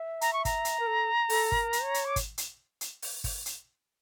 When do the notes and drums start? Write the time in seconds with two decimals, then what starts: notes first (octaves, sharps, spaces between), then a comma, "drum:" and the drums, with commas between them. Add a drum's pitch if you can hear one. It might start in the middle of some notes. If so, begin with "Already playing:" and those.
Already playing: E5
0.21 A#5, drum: hi-hat
0.33 C#6
0.45 A#5, drum: kick, hi-hat
0.65 drum: hi-hat
0.80 A#4
0.87 A4
1.30 A4, drum: open hi-hat
1.52 A#4, drum: kick
1.73 drum: hi-hat
1.83 C#5
1.94 drum: hi-hat
2.05 D6
2.16 drum: kick, hi-hat
2.38 drum: hi-hat
2.81 drum: hi-hat
3.02 drum: open hi-hat
3.24 drum: kick, open hi-hat
3.46 drum: hi-hat